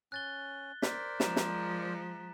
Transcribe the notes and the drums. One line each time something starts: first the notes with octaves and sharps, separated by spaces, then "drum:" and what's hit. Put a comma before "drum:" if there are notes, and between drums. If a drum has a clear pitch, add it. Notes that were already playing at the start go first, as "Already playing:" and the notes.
C#4 F#6 A6 G7
A#4 C5 D5 B6, drum: snare
F3 G#3 A#5 E7, drum: snare
drum: snare